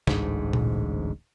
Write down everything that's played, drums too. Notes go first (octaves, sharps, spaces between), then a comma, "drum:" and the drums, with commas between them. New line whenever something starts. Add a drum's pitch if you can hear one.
D1 A1 D2 G#2, drum: snare
drum: tom A#2